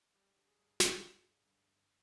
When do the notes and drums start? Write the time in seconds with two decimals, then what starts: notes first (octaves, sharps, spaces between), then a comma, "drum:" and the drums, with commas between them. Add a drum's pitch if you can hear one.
0.15 G3 G4
0.37 D3
0.48 G#4
0.58 G2
0.80 G2 G#4, drum: snare
1.02 G3
1.24 D3
1.46 G2
1.68 G2